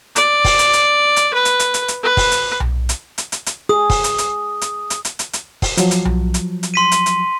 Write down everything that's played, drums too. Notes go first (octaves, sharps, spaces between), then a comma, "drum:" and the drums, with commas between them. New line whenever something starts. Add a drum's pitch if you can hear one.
D5, drum: hi-hat
drum: kick, open hi-hat
drum: hi-hat
drum: hi-hat
drum: hi-hat
B4
drum: hi-hat
drum: hi-hat
drum: hi-hat
drum: hi-hat
B4
drum: kick, open hi-hat
drum: hi-hat
drum: tom B1
drum: hi-hat
drum: hi-hat
drum: hi-hat
drum: hi-hat
G#4 D#6
drum: kick, open hi-hat
drum: hi-hat
drum: hi-hat
drum: hi-hat
drum: hi-hat
drum: hi-hat
drum: hi-hat
drum: hi-hat
drum: kick, open hi-hat
F3 F#3, drum: hi-hat
drum: hi-hat
drum: tom B1
drum: hi-hat
drum: hi-hat
C6 B6 D#7
drum: hi-hat
drum: hi-hat